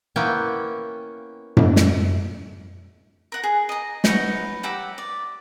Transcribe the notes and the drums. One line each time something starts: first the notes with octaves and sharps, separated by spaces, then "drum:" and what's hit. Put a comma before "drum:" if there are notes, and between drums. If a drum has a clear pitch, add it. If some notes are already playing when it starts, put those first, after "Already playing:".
A#3 B3 C#4 E4 G5
drum: tom F#2
drum: snare
A#4 F#5
G#4
D#5 A#5
D#4 B4 C#5 F#5, drum: snare
G4 E5 F#5 A#5
D5